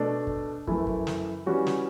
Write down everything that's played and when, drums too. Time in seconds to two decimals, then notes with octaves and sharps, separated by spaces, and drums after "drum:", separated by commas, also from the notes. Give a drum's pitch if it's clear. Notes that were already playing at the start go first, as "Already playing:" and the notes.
Already playing: B2 A3 D4 A4
0.27 drum: kick
0.67 F#2 E3 A3 E4, drum: kick
0.87 drum: kick
1.07 drum: snare
1.46 E3 G3 C#4 F#4
1.67 drum: snare